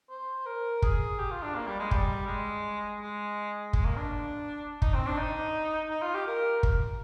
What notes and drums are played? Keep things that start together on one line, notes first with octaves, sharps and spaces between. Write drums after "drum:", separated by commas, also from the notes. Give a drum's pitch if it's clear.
C5
A#4
G#4, drum: kick
G4
F4
D4
A#3
G3
G#3
G3, drum: kick
G#3
G#3
G#3, drum: kick
A#3
D4
D#4, drum: kick
C4
D4
D#4
D#4
F4
G4
A#4
drum: kick